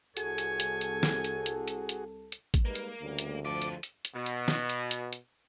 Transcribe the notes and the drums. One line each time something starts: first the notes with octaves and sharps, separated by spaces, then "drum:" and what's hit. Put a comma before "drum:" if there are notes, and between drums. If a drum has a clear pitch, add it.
C2 F#4 G#4 A4 C#5 G#5, drum: hi-hat
drum: hi-hat
drum: hi-hat
drum: hi-hat
drum: snare
drum: hi-hat
drum: hi-hat
drum: hi-hat
drum: hi-hat
drum: hi-hat
drum: kick A1, hi-hat
G3 G#3 A#3 D#4 B4
drum: hi-hat
D2 C#3 G3 A3
drum: hi-hat
F3 F4 A4 D6
drum: hi-hat
drum: hi-hat
drum: hi-hat
B2
drum: hi-hat
drum: snare
drum: hi-hat
drum: hi-hat
drum: hi-hat